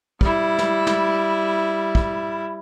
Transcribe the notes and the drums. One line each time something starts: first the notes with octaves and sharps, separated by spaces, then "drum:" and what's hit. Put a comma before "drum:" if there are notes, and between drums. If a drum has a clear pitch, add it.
G3 E4, drum: kick
drum: snare
drum: snare
drum: kick